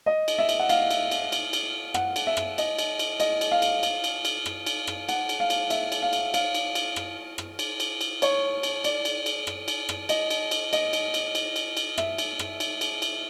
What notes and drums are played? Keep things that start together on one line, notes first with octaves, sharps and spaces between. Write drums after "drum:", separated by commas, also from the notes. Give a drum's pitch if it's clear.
D#5
drum: cymbal
E5
drum: cymbal
F#5
F5, drum: cymbal
drum: cymbal
drum: cymbal
drum: cymbal
drum: cymbal
F#5, drum: rim click
drum: cymbal
E5
drum: rim click
D#5, drum: cymbal
drum: cymbal
drum: cymbal
D#5, drum: cymbal
drum: cymbal
F5
drum: cymbal
drum: cymbal
drum: cymbal
drum: cymbal
drum: rim click
drum: cymbal
drum: rim click
F#5, drum: cymbal
drum: cymbal
F5
drum: cymbal
E5, drum: cymbal
drum: cymbal
F5
drum: cymbal
F5, drum: cymbal
drum: cymbal
drum: cymbal
drum: rim click
drum: rim click
drum: cymbal
drum: cymbal
drum: cymbal
C#5, drum: cymbal
drum: cymbal
D5, drum: cymbal
drum: cymbal
drum: cymbal
drum: rim click
drum: cymbal
drum: rim click
D#5, drum: cymbal
drum: cymbal
drum: cymbal
D#5, drum: cymbal
drum: cymbal
drum: cymbal
drum: cymbal
drum: cymbal
drum: cymbal
E5, drum: rim click
drum: cymbal
drum: rim click
drum: cymbal
drum: cymbal
drum: cymbal